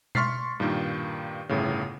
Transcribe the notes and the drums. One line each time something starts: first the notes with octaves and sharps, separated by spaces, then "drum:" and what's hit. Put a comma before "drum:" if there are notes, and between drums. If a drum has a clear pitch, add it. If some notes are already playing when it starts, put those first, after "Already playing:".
C6 C#6 F6 A6 B6 C7, drum: tom B2
G2 A#2 D#3 A#3
G1 A2 C#3